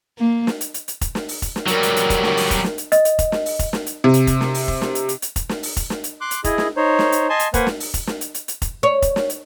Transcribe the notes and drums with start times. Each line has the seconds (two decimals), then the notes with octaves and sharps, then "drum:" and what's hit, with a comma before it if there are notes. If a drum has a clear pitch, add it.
0.18 A#3
0.47 drum: snare
0.61 drum: hi-hat
0.74 drum: hi-hat
0.88 drum: hi-hat
1.01 drum: kick F1, hi-hat
1.15 drum: snare
1.29 drum: open hi-hat
1.42 drum: kick F1, hi-hat
1.56 drum: snare
1.68 F#3 G3 A#4, drum: hi-hat
1.83 drum: hi-hat
1.96 drum: hi-hat
2.10 drum: kick F1, hi-hat
2.24 drum: snare
2.37 drum: open hi-hat
2.51 drum: kick F1, hi-hat
2.64 drum: snare
2.78 drum: hi-hat
2.92 D#5, drum: hi-hat
3.05 drum: hi-hat
3.19 drum: kick F1, hi-hat
3.32 drum: snare
3.46 drum: open hi-hat
3.59 drum: kick F1, hi-hat
3.73 drum: snare
3.86 drum: hi-hat
4.04 C3
4.14 drum: hi-hat
4.27 drum: kick F1, hi-hat
4.41 drum: snare
4.54 drum: open hi-hat
4.68 drum: kick F1
4.82 drum: snare
4.95 drum: hi-hat
5.09 drum: hi-hat
5.22 drum: hi-hat
5.36 drum: kick F1, hi-hat
5.49 drum: snare
5.63 drum: open hi-hat
5.77 drum: kick F1, hi-hat
5.90 drum: snare
6.04 drum: hi-hat
6.21 C6 D6 F#6
6.31 drum: hi-hat
6.44 E4 G#4 D#5, drum: kick F1, hi-hat
6.58 drum: snare
6.77 D#4 C5 C#5
6.99 drum: snare
7.12 drum: hi-hat
7.29 D#5 G#5 A5 C6
7.39 drum: hi-hat
7.54 A#3 B4 C5 F#5 G#5, drum: kick F1, hi-hat
7.67 drum: snare
7.80 drum: open hi-hat
7.94 drum: kick F1, hi-hat
8.07 drum: snare
8.21 drum: hi-hat
8.34 drum: hi-hat
8.48 drum: hi-hat
8.62 drum: kick F1, hi-hat
8.83 C#5
9.02 drum: kick F1, hi-hat
9.16 drum: snare
9.30 drum: hi-hat